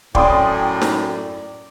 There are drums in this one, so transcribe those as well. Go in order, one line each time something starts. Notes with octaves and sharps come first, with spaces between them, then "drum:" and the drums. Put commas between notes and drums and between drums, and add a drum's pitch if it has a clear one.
F#2 A2 D5 G5 C6 D#6, drum: kick
drum: snare